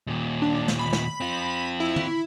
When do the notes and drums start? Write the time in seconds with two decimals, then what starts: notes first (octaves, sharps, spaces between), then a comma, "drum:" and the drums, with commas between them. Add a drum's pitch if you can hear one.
0.07 D#2 A#2
0.42 D4
0.68 drum: snare
0.79 B5
0.93 drum: snare
1.20 C4 F4
1.80 E4
1.96 drum: tom